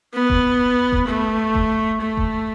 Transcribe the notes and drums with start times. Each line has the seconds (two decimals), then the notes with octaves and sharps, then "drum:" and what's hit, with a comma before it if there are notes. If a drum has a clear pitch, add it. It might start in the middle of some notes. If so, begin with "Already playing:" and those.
0.14 B3
0.30 drum: kick F1
0.92 drum: kick F1
1.07 A3
1.55 drum: kick F1
2.01 A3
2.17 drum: kick F1